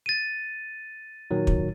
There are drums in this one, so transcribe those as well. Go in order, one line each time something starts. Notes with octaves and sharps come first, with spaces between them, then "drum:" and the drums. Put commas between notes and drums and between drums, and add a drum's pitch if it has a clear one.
A6 D#7
A#2 D#3 F#3
drum: kick